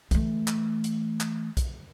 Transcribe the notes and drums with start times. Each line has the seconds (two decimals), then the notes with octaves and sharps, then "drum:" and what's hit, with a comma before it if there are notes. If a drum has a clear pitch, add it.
0.11 E3 A3, drum: kick, hi-hat
0.48 drum: clap
0.84 drum: hi-hat
1.20 drum: clap
1.57 drum: kick, hi-hat